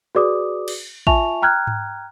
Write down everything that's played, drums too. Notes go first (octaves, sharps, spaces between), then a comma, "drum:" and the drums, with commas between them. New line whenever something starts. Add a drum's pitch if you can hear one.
F#4 G#4 B4 D5 D6 D#6
drum: cymbal
F4 E5 G#5 A5 C#6 F7, drum: kick
G5 A#5 F6 F#6 G#6
drum: tom G#2